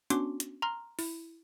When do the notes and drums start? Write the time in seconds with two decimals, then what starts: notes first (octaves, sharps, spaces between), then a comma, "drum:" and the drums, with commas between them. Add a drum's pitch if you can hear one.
0.10 B3 C#4 D4 F#4 C6 D6, drum: hi-hat
0.40 drum: hi-hat
0.62 A#5 C6 F6
0.99 E4, drum: open hi-hat